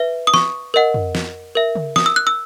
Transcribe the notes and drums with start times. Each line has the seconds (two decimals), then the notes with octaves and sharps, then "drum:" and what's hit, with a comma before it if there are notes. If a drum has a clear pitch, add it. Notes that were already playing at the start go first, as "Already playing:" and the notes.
Already playing: B4 E5
0.27 D#6
0.34 C#6, drum: snare
0.74 A#4 D#5 F#5
0.94 drum: tom F2
1.15 drum: snare
1.55 A#4 E5
1.75 drum: tom C#3
1.96 D#6, drum: snare
2.06 E6
2.16 F#6
2.27 E6